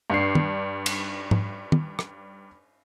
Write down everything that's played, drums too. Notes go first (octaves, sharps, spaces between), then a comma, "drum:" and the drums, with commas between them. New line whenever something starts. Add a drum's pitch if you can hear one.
G2 D4 C7
drum: tom
drum: cymbal
drum: tom G#2
drum: tom
drum: rim click